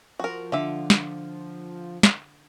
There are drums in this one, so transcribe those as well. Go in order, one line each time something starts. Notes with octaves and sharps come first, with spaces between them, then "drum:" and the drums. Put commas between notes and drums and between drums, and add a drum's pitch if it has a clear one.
F3 F#4 A#4
D3 F4 E5 D6
drum: snare
drum: snare